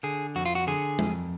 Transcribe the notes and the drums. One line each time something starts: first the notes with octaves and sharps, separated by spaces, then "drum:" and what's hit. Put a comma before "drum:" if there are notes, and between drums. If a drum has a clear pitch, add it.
D3 G#4
F2 F#4
F4
F#4
D3 G#4
F2, drum: tom G#3